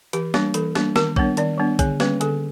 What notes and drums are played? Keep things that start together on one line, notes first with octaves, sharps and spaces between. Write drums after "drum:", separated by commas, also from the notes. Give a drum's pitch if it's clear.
E3 G4, drum: hi-hat
G3 A#3 D4, drum: snare
E3 A4, drum: hi-hat
G3 A#3 D4, drum: snare
D#3 A#4, drum: snare
G3 B3 D4 C#5, drum: kick
D#3 D5, drum: hi-hat
G3 B3 D4
D3 C#5, drum: kick, hi-hat
G3 A#3 C#4 B4, drum: snare
D3 A4, drum: hi-hat